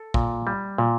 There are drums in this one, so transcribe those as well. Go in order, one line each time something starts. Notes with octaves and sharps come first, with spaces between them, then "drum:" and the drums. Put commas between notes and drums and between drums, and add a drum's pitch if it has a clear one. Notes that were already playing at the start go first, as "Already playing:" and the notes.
Already playing: A4
A#2, drum: kick A#1
G3
A#2